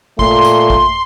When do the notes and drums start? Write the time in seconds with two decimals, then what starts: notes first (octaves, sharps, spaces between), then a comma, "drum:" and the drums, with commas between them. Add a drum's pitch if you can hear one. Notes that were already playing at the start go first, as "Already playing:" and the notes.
0.19 A#2 A3 C6, drum: kick G#1
0.45 drum: tambourine
0.70 drum: kick G#1